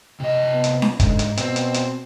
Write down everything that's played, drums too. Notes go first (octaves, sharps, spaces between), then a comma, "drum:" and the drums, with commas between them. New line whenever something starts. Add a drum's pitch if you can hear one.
C3 D#5
B3
drum: hi-hat
drum: snare C#4
G#2 D3, drum: kick, hi-hat
drum: hi-hat
B2 C4, drum: hi-hat
drum: hi-hat
drum: hi-hat